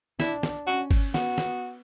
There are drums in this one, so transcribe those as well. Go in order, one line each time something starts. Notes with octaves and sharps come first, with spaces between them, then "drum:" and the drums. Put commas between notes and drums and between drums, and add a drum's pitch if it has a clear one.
D4 E4, drum: snare
drum: snare
C#4 F#4
drum: kick, cymbal
B3 F#4, drum: snare
drum: snare